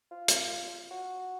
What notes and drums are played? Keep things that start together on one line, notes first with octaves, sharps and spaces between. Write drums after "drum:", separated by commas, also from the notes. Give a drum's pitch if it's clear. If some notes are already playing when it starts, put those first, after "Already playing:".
F4
drum: hi-hat
F#4